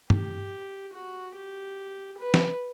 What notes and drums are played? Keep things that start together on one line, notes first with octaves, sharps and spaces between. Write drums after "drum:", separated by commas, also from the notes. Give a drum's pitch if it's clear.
G4, drum: tom
F#4
G4
B4
drum: snare